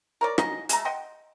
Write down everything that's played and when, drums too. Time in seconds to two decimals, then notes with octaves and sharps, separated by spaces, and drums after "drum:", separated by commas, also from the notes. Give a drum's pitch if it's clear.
0.21 A#4 C#5 D5
0.38 C#4 D#4 F#4 D#5, drum: rim click
0.69 G#3 A3 A#5, drum: hi-hat
0.85 D#5 F#5 G5 C6